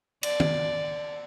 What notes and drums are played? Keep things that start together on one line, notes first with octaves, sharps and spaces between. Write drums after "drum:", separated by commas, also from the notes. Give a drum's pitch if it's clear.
D5, drum: cymbal
drum: tom D#3